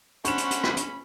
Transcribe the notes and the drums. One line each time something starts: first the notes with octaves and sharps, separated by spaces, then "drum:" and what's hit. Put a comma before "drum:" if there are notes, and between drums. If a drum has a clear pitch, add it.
C#4 D4 C5 F#5 B5 C#6 E7, drum: hi-hat
drum: hi-hat
drum: hi-hat
drum: rim click
drum: hi-hat